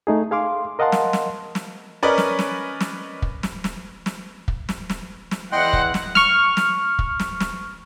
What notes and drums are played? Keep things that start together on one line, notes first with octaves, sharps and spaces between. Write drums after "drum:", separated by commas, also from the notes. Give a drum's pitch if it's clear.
A3 D#4 G#4
G#4 F5 C6 D6
A#4 D#5 F5 F#5 A5 C6
drum: snare
drum: snare
drum: snare
C#4 A#4 B4 D5 D#5
drum: snare
drum: snare
drum: snare
drum: kick
drum: snare
drum: snare
drum: snare
drum: kick
drum: snare
drum: snare
drum: snare
E2 E4 D#5 F#5 G5 C6
drum: kick
drum: snare
C#6 F6, drum: snare
drum: snare
drum: kick
drum: snare
drum: snare